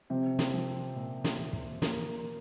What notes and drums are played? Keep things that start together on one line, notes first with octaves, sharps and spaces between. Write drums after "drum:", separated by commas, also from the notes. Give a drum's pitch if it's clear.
C3 F3 C4
drum: snare
F3
A#2
drum: snare
A#2
drum: kick
A#3, drum: snare